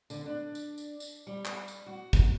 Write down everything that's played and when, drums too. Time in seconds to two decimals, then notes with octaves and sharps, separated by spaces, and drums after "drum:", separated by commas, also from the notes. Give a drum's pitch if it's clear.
0.10 D3, drum: tambourine
0.26 D4
0.55 drum: tambourine
0.78 drum: tambourine
1.00 drum: tambourine
1.27 G3
1.45 drum: clap
1.68 drum: tambourine
1.86 F#4
2.13 drum: kick, tambourine